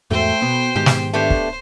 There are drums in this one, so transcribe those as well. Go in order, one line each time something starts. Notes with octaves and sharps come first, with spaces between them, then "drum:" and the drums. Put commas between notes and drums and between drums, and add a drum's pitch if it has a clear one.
E2 G#2 A3 F#4 C5 G5
B2 B3
G#2 D#3 G#3 G4
drum: snare
A3 B3 D4 G4 C5
drum: kick